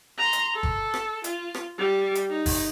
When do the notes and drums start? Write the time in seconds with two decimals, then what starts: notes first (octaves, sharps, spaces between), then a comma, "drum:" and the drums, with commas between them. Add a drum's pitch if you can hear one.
0.18 A#5 C6
0.33 drum: hi-hat
0.54 A4
0.63 drum: kick
0.94 drum: rim click
1.24 F4, drum: hi-hat
1.54 drum: rim click
1.78 G3
2.15 drum: hi-hat
2.30 D#4
2.46 drum: kick, open hi-hat